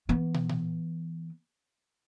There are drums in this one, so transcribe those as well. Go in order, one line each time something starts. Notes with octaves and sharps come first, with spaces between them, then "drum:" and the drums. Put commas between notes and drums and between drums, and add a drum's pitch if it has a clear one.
E3 B3
drum: tom
drum: tom